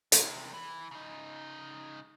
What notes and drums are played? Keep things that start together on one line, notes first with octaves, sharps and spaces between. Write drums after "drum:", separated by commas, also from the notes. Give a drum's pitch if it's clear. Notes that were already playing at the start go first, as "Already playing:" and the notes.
E2 C3, drum: hi-hat
E3
C#3 D#4